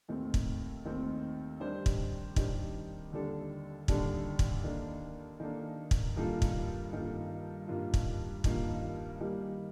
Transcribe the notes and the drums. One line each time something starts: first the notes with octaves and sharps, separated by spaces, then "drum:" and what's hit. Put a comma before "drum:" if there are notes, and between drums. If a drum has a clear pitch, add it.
D#2 D#3 A3 C4
drum: kick
D#2 D#3 A3 C4
D#3 G3 D4 G4 C5
drum: kick
D#3 G3 D4 G4 C5, drum: kick
D#2 D3 G3 D4 A4
D#2 D3 G3 D4 A4, drum: kick
drum: kick
D#3 A#3 D4 A4
D#3 A#3 D4 A4
drum: kick
G2 D#3 A#3 F4 A4
drum: kick
G2 D#3 A#3 F4 A4
G2 D#3 A#3 F4
drum: kick
G2 D#3 A#3 F4, drum: kick
D#3 G3 A#3